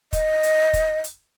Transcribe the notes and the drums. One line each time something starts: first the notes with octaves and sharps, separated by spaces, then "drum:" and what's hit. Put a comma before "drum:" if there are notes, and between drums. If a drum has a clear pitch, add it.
D#5, drum: kick, hi-hat
drum: hi-hat
drum: kick, hi-hat
drum: hi-hat